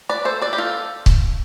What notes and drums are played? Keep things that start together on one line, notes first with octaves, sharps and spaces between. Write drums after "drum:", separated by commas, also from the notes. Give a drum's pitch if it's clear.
B4 D5
A4 C5
B4 D5
G4
F4 A4
drum: kick